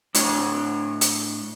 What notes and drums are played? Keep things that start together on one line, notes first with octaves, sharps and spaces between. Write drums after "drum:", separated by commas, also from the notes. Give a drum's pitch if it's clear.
A2 D4 C#5, drum: hi-hat
drum: hi-hat